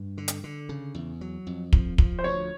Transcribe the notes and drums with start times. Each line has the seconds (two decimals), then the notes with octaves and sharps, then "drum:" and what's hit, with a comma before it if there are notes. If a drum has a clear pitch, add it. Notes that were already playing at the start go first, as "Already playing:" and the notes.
Already playing: G2
0.18 D3
0.28 drum: hi-hat
0.44 D3
0.69 C#3
0.95 E2
1.21 F#3
1.47 F2
1.73 F3, drum: kick
1.98 F3, drum: kick
2.19 C5
2.24 D2 C#5